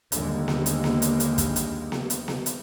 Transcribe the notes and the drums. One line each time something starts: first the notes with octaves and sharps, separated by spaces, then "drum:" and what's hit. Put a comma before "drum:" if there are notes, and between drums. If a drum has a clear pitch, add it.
D#2 D3 G3 G#3 A#3, drum: hi-hat
drum: snare B3
drum: hi-hat
drum: snare B3
drum: hi-hat
drum: hi-hat
drum: kick, hi-hat
drum: hi-hat
drum: snare B3
drum: hi-hat
drum: snare B3
drum: hi-hat